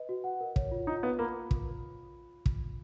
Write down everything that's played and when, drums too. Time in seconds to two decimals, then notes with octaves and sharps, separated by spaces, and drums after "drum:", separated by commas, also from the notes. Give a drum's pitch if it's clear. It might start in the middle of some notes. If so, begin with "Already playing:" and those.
Already playing: B4 D#5
0.09 F#4
0.24 F#5
0.41 A#4
0.56 C#5, drum: kick
0.72 F4
0.87 D#4 F4
1.03 B3 F5
1.19 A#3 B5
1.51 drum: kick
2.46 drum: kick